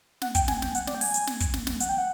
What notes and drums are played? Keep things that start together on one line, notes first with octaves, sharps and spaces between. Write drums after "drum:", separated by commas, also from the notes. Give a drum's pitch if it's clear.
F#5, drum: snare
G5, drum: kick, hi-hat
G#5, drum: snare
G5, drum: snare
F#5, drum: hi-hat
D5, drum: snare
G5
G#5, drum: open hi-hat
drum: hi-hat
drum: snare
drum: kick, hi-hat
drum: snare
drum: snare
F#5, drum: hi-hat
G5
F#5